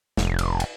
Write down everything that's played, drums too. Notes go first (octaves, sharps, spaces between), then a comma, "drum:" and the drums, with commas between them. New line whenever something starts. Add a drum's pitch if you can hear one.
F1, drum: snare
drum: cymbal
drum: cymbal